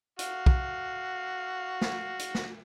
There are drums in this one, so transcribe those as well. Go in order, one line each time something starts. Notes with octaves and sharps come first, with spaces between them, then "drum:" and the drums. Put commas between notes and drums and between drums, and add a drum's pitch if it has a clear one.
F#4 F5, drum: hi-hat
drum: kick B1
drum: snare
drum: hi-hat
drum: snare